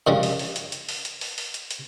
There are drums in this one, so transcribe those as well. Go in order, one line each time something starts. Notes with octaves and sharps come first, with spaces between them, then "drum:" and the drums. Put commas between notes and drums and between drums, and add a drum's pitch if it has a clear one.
F#2 C#3 F3 G3
drum: open hi-hat
drum: open hi-hat
drum: hi-hat
drum: hi-hat
drum: open hi-hat
drum: hi-hat
drum: open hi-hat
drum: open hi-hat
drum: hi-hat
drum: hi-hat